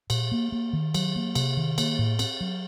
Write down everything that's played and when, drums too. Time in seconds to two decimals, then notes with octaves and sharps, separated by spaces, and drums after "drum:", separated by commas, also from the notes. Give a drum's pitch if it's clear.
0.10 A#2, drum: cymbal
0.32 A#3
0.52 A#3
0.73 D#3
0.94 F#3, drum: cymbal
1.15 A#3
1.35 C3, drum: cymbal
1.57 D#3
1.78 A#3, drum: cymbal
1.99 A2
2.19 C4, drum: cymbal
2.41 F#3